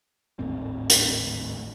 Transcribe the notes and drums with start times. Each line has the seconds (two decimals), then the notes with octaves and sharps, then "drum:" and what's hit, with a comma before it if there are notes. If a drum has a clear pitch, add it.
0.39 G#1 D#2 A2 C4
0.90 drum: hi-hat